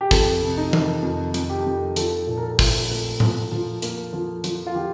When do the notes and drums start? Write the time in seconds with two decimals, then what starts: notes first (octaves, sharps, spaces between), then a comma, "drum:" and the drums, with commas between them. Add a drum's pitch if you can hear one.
0.01 G4
0.11 F2 A4, drum: kick, open hi-hat
0.42 C3
0.57 D#4
0.73 D#3, drum: tom E3
1.03 F2
1.34 F2, drum: hi-hat
1.49 G4
1.66 F2
1.96 F3 A4, drum: hi-hat
2.27 A#2
2.38 A#4
2.43 A4
2.59 A#2, drum: kick, open hi-hat
2.90 A3
3.20 F3, drum: tom A2
3.52 F3
3.82 A#3, drum: hi-hat
4.13 F3
4.44 F3, drum: hi-hat
4.67 F4
4.75 F3 G4